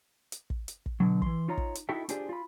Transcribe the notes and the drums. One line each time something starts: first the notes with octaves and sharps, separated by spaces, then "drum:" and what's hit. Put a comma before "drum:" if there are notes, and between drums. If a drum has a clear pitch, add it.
drum: hi-hat
drum: kick
drum: hi-hat
drum: kick
B2 D3 F#3
E3 C6, drum: kick
D#4 F4 C#5 A#5
drum: kick
drum: hi-hat
D#4 E4 F#4 A4 E5 G5
D4 F4 G4 G#4 C5 D5, drum: hi-hat
F4 B5